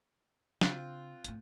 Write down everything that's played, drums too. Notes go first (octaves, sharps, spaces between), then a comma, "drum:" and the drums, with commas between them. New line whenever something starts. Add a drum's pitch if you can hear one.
C#3 C4 D4 F4 F#6, drum: snare
G#1 A2, drum: hi-hat